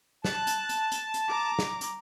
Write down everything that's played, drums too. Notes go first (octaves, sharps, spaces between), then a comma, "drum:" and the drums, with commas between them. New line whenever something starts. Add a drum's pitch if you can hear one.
A5 F#6, drum: snare
drum: hi-hat
drum: hi-hat
drum: hi-hat
drum: hi-hat
A#5 D6
drum: snare
drum: hi-hat